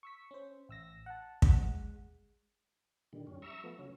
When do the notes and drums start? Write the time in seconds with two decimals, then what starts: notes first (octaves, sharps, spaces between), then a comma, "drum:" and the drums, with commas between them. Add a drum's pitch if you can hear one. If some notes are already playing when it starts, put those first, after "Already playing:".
0.03 C#6 E6 B6
0.31 C#4 C5
0.69 A1 E6 A#6
1.06 F#5 A5
1.42 G#3 F#5, drum: kick
3.13 A#2 D3 D#3 G3
3.27 F#2 G3 C#4
3.42 E5 A#5 C#6 E6
3.63 F3 A3 B3
3.79 C#3 F#3 C#4